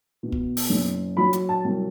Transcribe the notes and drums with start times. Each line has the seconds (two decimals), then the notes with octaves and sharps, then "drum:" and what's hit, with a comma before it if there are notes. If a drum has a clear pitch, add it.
0.23 B2
0.32 drum: kick
0.57 drum: open hi-hat
0.70 F#1
1.17 F#3 B5
1.33 drum: hi-hat
1.49 A5
1.64 C2